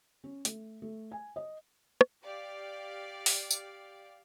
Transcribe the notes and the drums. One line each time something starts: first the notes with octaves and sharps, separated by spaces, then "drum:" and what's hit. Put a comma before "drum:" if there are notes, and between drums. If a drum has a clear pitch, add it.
C#4
A3, drum: hi-hat
A3
G#5
D#5
drum: rim click
G4 D5 F5
drum: open hi-hat
drum: tambourine